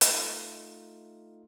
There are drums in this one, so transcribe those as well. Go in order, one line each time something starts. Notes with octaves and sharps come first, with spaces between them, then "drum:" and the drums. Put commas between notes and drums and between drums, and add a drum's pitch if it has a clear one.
A3 D#4 F4, drum: hi-hat